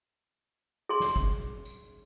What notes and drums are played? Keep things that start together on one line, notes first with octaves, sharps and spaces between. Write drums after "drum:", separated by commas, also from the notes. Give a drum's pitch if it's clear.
G#4 C6
drum: snare
drum: kick
drum: tambourine